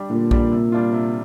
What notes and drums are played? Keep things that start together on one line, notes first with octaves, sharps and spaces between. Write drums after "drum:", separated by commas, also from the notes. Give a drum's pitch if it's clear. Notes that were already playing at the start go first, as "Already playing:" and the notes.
Already playing: G3 D4 G4
A#2 D3
G3 D4 G4, drum: kick A#1
C3
G3 D4 F4
C3